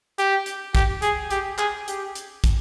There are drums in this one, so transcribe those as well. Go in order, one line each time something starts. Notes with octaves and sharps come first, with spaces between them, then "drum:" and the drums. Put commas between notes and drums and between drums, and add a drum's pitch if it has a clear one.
G4, drum: hi-hat
drum: hi-hat
G4, drum: kick, hi-hat
G#4, drum: hi-hat
G4, drum: hi-hat
G#4, drum: clap
G4, drum: hi-hat
drum: hi-hat
drum: kick, hi-hat